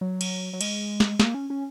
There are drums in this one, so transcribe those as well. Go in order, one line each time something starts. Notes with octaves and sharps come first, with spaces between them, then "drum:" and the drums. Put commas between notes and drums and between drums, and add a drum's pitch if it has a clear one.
F#3
drum: cymbal
F#3
G#3, drum: cymbal
drum: snare
A#3, drum: snare
C#4
C#4